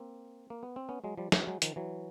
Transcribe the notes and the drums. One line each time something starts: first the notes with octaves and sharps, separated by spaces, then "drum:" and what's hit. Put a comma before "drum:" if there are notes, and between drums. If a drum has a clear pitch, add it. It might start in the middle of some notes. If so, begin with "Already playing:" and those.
Already playing: A#3 C4
A#3
B3
C4
B3 C#4
F#3 G#3
F3 G3
E3 F#3, drum: snare
F#3 G#3
D#3 F3, drum: hi-hat
E3 F#3